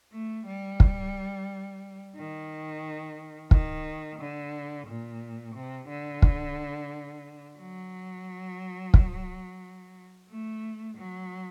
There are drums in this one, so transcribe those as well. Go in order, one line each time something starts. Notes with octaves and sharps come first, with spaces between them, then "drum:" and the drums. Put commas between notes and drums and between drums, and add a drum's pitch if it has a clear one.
A3
G3
drum: kick
D#3
D#3, drum: kick
D3
A#2
C3
D3
drum: kick
F#3
drum: kick
A3
F#3